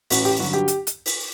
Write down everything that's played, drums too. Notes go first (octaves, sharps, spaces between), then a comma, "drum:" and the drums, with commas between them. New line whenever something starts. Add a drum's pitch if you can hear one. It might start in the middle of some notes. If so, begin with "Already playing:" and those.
A1 F#4, drum: open hi-hat
G4
G2 D3 F#3 F#4
G4
drum: hi-hat
drum: hi-hat
drum: open hi-hat